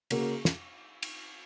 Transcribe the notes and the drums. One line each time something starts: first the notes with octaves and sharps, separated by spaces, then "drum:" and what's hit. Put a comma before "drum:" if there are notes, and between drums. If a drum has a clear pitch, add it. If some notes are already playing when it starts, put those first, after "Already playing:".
C#3 A#3 F#4, drum: cymbal
drum: snare
drum: cymbal